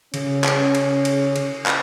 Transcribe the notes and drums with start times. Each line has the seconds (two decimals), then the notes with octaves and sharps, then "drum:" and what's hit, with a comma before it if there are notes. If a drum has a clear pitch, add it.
0.14 C#3 C#4, drum: cymbal
0.44 drum: clap
0.75 drum: cymbal
1.05 drum: cymbal
1.36 drum: cymbal
1.66 drum: clap